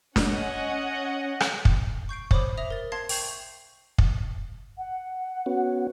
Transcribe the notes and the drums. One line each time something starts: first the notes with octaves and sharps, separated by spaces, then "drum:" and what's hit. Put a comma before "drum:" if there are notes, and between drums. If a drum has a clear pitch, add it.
C#4 C#5 D#5 F#5, drum: snare
drum: rim click
drum: kick
C#6 G6 C7 D7
C5 C#5 B5 D6 D#6, drum: kick
E5 D#6 A#6 F7
A#4 A6
F5 A5 C6 G#6 C7
G5 C#6 G6 C7 E7, drum: open hi-hat
drum: kick
F#5
B3 C#4 F#4